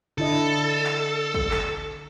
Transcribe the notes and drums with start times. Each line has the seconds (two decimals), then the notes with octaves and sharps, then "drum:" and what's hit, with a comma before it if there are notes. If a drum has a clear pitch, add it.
0.18 D3 E4 A4 D#5
0.84 drum: clap
1.34 drum: kick
1.51 drum: clap